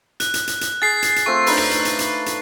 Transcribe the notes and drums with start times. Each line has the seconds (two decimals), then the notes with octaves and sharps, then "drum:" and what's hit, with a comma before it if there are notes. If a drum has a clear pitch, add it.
0.20 F#6, drum: hi-hat
0.34 drum: hi-hat
0.47 drum: hi-hat
0.61 drum: hi-hat
0.82 G#4 A6 C7
1.02 drum: hi-hat
1.16 drum: hi-hat
1.26 A3 C4 F4 C#6
1.46 D4 D#4 B4, drum: open hi-hat
1.57 drum: rim click
1.71 drum: hi-hat
1.85 drum: hi-hat
1.99 drum: hi-hat
2.26 drum: hi-hat